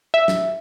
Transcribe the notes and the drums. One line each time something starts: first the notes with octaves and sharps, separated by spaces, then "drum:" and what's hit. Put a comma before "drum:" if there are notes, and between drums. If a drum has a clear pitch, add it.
E5
drum: snare